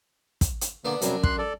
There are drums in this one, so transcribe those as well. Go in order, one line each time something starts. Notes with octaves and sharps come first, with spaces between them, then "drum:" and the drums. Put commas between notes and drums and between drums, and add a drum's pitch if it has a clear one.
drum: kick, hi-hat
drum: hi-hat
D3 A#3 B3 D4
F#2 C3 F#3 G3 D4, drum: hi-hat
C6 F#6, drum: kick
A4 D5